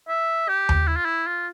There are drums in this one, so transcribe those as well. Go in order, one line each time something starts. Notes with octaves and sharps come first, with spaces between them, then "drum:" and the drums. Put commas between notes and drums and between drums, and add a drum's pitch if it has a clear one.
E5
G4
drum: tom D#2
E4
F4
E4
F4